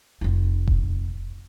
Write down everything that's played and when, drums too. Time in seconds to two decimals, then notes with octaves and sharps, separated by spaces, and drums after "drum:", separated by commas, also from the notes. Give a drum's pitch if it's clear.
0.21 F1 F4
0.67 drum: kick E1